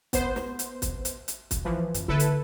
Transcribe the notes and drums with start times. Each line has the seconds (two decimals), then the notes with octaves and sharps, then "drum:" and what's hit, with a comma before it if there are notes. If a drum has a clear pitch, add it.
0.13 B3 C5, drum: kick, hi-hat
0.36 drum: snare
0.59 drum: hi-hat
0.82 drum: kick, hi-hat
1.05 drum: hi-hat
1.28 drum: hi-hat
1.51 drum: kick, hi-hat
1.65 E3 F3
1.94 F#2, drum: hi-hat
2.08 D3 A#3 E4 A4 B4
2.20 drum: hi-hat